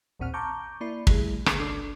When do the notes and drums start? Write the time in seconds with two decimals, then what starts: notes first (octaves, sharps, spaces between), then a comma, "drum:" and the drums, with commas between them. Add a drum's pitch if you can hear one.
0.20 A1 D#2 A#2 C4 F#5 F6
0.34 A5 A#5 C#6 D6 G6
0.81 A#3 E4 D5 B5 C7
1.07 G3 A3 E4 G#4, drum: kick
1.46 D3 B3 G#4, drum: rim click
1.60 G1 C2 D4 A4 D6 C7